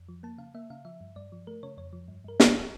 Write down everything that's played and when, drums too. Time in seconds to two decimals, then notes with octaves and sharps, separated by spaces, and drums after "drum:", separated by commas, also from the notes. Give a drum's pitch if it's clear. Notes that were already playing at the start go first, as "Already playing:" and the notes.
Already playing: F2
0.09 F3
0.23 A#3 A5
0.38 C#3 F5
0.54 A#3 E5
0.70 C#3 F5
0.85 F3 E5
1.01 G2
1.16 G2 D5
1.32 F3
1.47 A3 A#4
1.63 C#3 C#5
1.77 F2 C#5
1.93 F3
2.08 G2
2.24 G2 A#4
2.40 G2 C#5, drum: snare